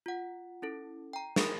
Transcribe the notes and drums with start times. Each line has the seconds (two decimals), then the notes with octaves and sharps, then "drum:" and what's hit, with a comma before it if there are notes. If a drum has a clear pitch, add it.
0.06 F4 F#5
0.62 C#4 E4 A4
1.13 G5 A#5
1.36 G#4 A#4 B5 D#6, drum: snare